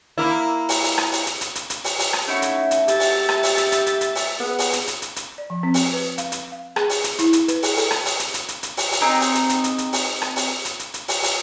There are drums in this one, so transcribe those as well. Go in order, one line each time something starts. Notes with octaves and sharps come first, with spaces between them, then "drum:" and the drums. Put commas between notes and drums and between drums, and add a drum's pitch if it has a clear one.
A#3 E4
drum: open hi-hat
drum: open hi-hat
drum: rim click
drum: open hi-hat
drum: hi-hat
drum: hi-hat
drum: hi-hat
drum: hi-hat
drum: open hi-hat
drum: open hi-hat
drum: rim click
A3 C#4 D#4 E4 F#4
drum: hi-hat
drum: hi-hat
G4 E5 A6, drum: hi-hat
drum: open hi-hat
drum: rim click
drum: open hi-hat
drum: hi-hat
drum: hi-hat
drum: hi-hat
drum: hi-hat
drum: open hi-hat
B3 G#4
drum: open hi-hat
drum: hi-hat
drum: hi-hat
drum: hi-hat
drum: hi-hat
D5
F3
C4
drum: open hi-hat
B4
F5, drum: hi-hat
drum: hi-hat
F5
G#4, drum: rim click
drum: open hi-hat
drum: hi-hat
E4, drum: hi-hat
drum: hi-hat
B4, drum: hi-hat
G#4, drum: open hi-hat
A4, drum: open hi-hat
drum: rim click
drum: open hi-hat
drum: hi-hat
drum: hi-hat
drum: hi-hat
drum: hi-hat
drum: open hi-hat
drum: open hi-hat
C4 D#4 G#4
drum: open hi-hat
drum: hi-hat
drum: hi-hat
drum: hi-hat
drum: hi-hat
drum: open hi-hat
drum: rim click
drum: open hi-hat
drum: hi-hat
drum: hi-hat
drum: hi-hat
drum: open hi-hat
drum: open hi-hat